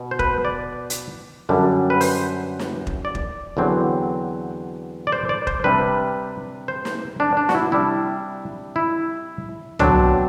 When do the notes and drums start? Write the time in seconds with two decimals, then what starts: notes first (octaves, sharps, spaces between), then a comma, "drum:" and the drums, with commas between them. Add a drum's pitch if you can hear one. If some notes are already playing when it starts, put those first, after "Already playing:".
Already playing: B2
0.11 C5
0.19 B4, drum: kick
0.45 D5
0.90 drum: hi-hat
1.49 F#2 D3 G3 D4
1.90 B4
2.01 C5, drum: open hi-hat
2.59 drum: snare
2.87 drum: kick
3.05 D5
3.15 drum: kick
3.57 E2 D3 F#3 C4
5.07 D5
5.12 C5
5.29 D5
5.47 C5, drum: kick
5.64 C3 G3 D4 B4
6.68 C5
6.85 drum: snare
7.20 D4
7.37 D4
7.49 F#4, drum: snare
7.55 E4
7.71 C3 G3 D4 E4
8.76 E4
9.79 B2 F#3 A3 C4 D4, drum: tom